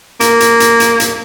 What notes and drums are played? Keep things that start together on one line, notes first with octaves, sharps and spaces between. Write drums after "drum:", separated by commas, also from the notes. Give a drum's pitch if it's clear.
A#3, drum: hi-hat
drum: hi-hat
drum: hi-hat
drum: hi-hat
drum: hi-hat